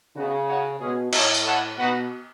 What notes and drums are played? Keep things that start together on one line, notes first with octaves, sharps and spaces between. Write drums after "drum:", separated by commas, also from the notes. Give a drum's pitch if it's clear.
C#3 B3 D#4 F#4
D#4 F#4 C#5 F#5
B2 G#3 C#4 G#4
A2 D#4 A4 C#5, drum: cymbal
drum: tambourine
E4 A4 C#5 F#5
B2 B3 D#4 F#4 B4 F#5